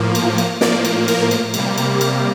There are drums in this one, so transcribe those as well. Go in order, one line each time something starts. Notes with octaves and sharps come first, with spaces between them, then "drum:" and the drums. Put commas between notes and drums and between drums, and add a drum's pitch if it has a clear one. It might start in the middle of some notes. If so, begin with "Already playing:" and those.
Already playing: A2 F3 A#3
drum: cymbal
drum: cymbal
A2 F3 A#3 D5, drum: snare
drum: cymbal
A#4, drum: cymbal
drum: cymbal
C3 G3 A#3, drum: cymbal
drum: cymbal
drum: cymbal